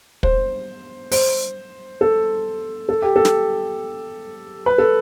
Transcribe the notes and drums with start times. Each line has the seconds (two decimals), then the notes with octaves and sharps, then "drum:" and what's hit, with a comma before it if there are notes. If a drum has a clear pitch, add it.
0.23 C5, drum: kick
1.11 C5, drum: open hi-hat
2.01 A4
2.89 A4
3.02 G4
3.16 A4
3.25 drum: snare
4.66 B4
4.78 A4